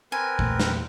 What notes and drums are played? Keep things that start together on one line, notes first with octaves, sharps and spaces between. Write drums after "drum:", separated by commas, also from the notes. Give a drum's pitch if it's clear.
C4 A#4 B4 G#5
E2 A#2 A3, drum: kick
drum: snare